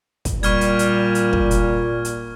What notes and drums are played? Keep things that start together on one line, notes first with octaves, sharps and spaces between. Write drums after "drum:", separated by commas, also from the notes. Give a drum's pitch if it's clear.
drum: kick, hi-hat
A#2 G3 C#6 F6 G#6, drum: hi-hat
drum: hi-hat
drum: hi-hat
drum: hi-hat
drum: kick
drum: hi-hat
drum: hi-hat